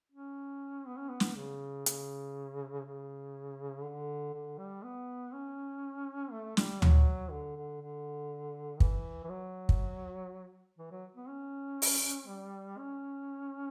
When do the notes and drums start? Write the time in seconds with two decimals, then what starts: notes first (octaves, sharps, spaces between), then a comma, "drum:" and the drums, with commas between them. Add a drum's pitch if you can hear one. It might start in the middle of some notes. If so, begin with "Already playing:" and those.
0.12 C#4
0.87 B3
0.97 C#4
1.09 B3
1.20 drum: snare
1.36 C#3
1.86 C#3, drum: hi-hat
2.86 C#3
3.84 D3
4.34 D3
4.58 G3
4.83 B3
5.33 C#4
6.32 A3
6.57 G3, drum: snare
6.82 F#3, drum: tom D2
7.31 D3
7.56 D3
7.81 D3
8.80 E3, drum: kick
9.24 E3
9.30 F#3
9.69 drum: kick
10.79 E3
10.91 F#3
11.16 B3
11.28 C#4
11.82 drum: open hi-hat
12.27 G3
12.78 C#4